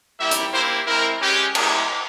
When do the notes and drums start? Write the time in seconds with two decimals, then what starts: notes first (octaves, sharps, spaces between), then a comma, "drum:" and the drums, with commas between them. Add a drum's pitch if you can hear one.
0.19 G3 A#3 E4 G4 E5
0.31 drum: hi-hat
0.53 A#3 E4 G4 C5
0.87 G#3 C4 E4 A#4
1.21 G#3 C#4 G4
1.55 G3 A#3 E4 G4 G#4, drum: cymbal